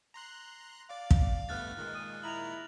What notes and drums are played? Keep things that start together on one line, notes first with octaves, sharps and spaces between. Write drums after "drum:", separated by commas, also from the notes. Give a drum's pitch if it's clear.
A#5 C6 F#6
D5 F5 D6
drum: kick
G2 A3 B3 F6 F#6 A6
A#2 D#3 G#3
D#6
E4 A#5 F7 F#7